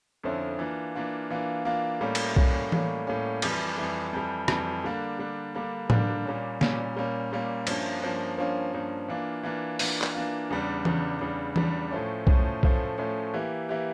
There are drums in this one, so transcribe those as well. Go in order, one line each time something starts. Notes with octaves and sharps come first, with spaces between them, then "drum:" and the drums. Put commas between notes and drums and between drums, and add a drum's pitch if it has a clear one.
F2 D3 F3 C#4 E4
E3 A#3 D4 F4
E3 A#3 D4 F4
E3 A#3 D4 F4
E3 A#3 D4 F4
A2 G3 A#3 C#4
drum: cymbal
A2 G3 A#3 C#4, drum: kick B1
A2 G3 A#3 C#4, drum: tom E3
A2 G3 A#3 C#4
F2 E3 G3, drum: cymbal
F2 E3 G3
F2 E3 G3
F2 E3 G3, drum: rim click
D3 G3 A#3 D4
D3 G3 A#3 D4
D3 G3 A#3 D4
D3 G3 A#3 D4, drum: tom A2
A#2 G3 A#3 C#4
A#2 G3 A#3 C#4, drum: snare
A#2 G3 A#3 C#4
A#2 G3 A#3 C#4
G2 F3 A#3 C#4, drum: cymbal
G2 F3 A#3 C#4
G2 F3 A#3 C#4
G2 F3 A#3 C#4
E3 A#3 D4 F4
E3 A#3 D4 F4
E3 A#3 D4 F4, drum: open hi-hat
drum: clap
E3 A#3 D4 F4
E2 C#3 G3 D4
E2 C#3 G3 D4, drum: tom E3
E2 C#3 G3 D4
E2 C#3 G3 D4, drum: tom E3
A2 F3 A3 C#4
A2 F3 A3 C#4, drum: kick B1
A2 F3 A3 C#4, drum: kick B1
A2 F3 A3 C#4
E3 A#3 E4 G4
E3 A#3 E4 G4